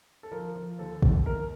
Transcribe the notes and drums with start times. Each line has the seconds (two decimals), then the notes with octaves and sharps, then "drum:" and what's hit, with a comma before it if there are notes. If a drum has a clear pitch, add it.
0.23 A4
0.32 F3 A#4
0.56 F3
0.78 D#2 A4
1.02 D#2, drum: kick
1.26 D#2 A#4